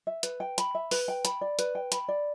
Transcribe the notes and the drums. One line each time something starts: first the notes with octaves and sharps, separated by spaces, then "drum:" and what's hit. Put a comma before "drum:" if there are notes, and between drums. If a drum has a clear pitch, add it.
E5
B4, drum: hi-hat
G5
B5, drum: hi-hat
E5
B4, drum: open hi-hat
G5
B5, drum: hi-hat
D5
B4, drum: hi-hat
G5
B5, drum: hi-hat
D5